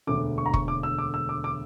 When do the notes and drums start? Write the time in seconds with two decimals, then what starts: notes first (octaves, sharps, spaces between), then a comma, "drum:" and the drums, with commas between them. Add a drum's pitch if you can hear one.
0.07 E1 D2 D3 D6
0.38 C#6
0.46 A#5
0.54 C#6, drum: kick
0.68 D6
0.83 E6
0.98 D6
1.14 E6
1.29 D6
1.44 D6